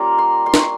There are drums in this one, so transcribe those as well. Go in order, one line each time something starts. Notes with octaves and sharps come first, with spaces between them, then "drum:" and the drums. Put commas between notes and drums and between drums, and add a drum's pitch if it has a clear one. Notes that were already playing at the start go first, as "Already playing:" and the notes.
Already playing: G3 A#3 C#4 F4 A#5
C6
C6
C#6, drum: snare
C6